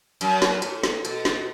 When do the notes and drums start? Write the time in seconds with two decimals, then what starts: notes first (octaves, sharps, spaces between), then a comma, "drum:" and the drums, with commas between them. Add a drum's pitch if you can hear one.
0.21 F#2, drum: hi-hat
0.42 drum: snare
0.62 A2, drum: hi-hat
0.83 drum: snare
1.05 B2, drum: hi-hat
1.25 drum: snare